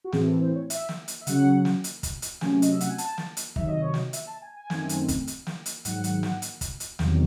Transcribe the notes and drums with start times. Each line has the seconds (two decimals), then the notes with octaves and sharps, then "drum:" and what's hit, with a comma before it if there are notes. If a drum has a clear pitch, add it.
0.04 F#4
0.12 A2 E3 C4 G#4, drum: snare
0.27 A4
0.41 C5
0.55 C#5
0.70 E5, drum: hi-hat
0.89 drum: snare
1.08 drum: hi-hat
1.21 E5
1.27 C#3 F#3 C#4 F#5, drum: hi-hat
1.65 drum: snare
1.84 drum: hi-hat
2.03 drum: kick, hi-hat
2.22 drum: hi-hat
2.41 C3 F#3 A3 C#4 G#5, drum: snare
2.62 D#5, drum: hi-hat
2.72 E5
2.81 F#5, drum: hi-hat
2.89 G#5
2.98 A5, drum: hi-hat
3.18 drum: snare
3.37 drum: hi-hat
3.56 C3 D#3 F#3 E5, drum: kick
3.68 D#5
3.81 C#5
3.94 D#5, drum: snare
4.13 E5, drum: hi-hat
4.27 A5
4.42 G#5
4.56 G#5
4.70 F#2 D#3 A3 C4, drum: snare
4.89 drum: hi-hat
5.08 drum: kick, hi-hat
5.27 drum: hi-hat
5.47 drum: snare
5.66 drum: hi-hat
5.85 G#2 D#3 F#3 F#5, drum: hi-hat
6.04 drum: hi-hat
6.23 drum: snare
6.42 drum: hi-hat
6.61 drum: kick, hi-hat
6.80 drum: hi-hat
6.99 E2 C3 D#3 F#3, drum: snare